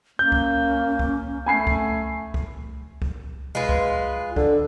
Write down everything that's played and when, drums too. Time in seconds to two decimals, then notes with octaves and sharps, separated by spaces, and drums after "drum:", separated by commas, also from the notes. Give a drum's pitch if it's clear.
0.19 A#3 C#4 G6
0.32 drum: kick
0.99 drum: kick
1.46 A3 G#5 B5 C7
1.67 drum: kick
2.34 drum: kick
3.02 drum: kick
3.55 G#3 F4 B4
3.69 drum: kick
4.36 D3, drum: kick